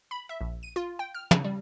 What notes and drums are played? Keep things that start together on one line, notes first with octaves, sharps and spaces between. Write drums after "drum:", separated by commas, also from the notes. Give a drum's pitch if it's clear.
B5
E5
A#1
D#7
F4
G5
F6
C#3, drum: tom
G3